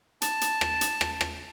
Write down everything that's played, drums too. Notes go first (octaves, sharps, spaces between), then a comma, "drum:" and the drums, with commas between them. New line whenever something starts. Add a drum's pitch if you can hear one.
A5, drum: hi-hat
drum: hi-hat
drum: rim click
drum: hi-hat
drum: rim click
drum: rim click